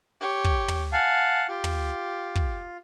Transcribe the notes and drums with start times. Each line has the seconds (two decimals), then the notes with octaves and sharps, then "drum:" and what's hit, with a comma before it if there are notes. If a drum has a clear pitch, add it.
0.21 G4 C#5
0.44 drum: kick
0.68 drum: tom
0.93 F5 F#5 G#5 A5
1.49 F4 G4
1.64 drum: tom
2.35 drum: kick